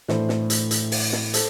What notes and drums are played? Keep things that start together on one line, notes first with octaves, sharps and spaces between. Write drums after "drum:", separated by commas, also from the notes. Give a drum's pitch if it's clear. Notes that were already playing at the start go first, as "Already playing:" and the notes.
A2 E3 A3 D4 C5, drum: snare
drum: snare
drum: hi-hat
drum: hi-hat
drum: open hi-hat
drum: snare
A4 C5, drum: hi-hat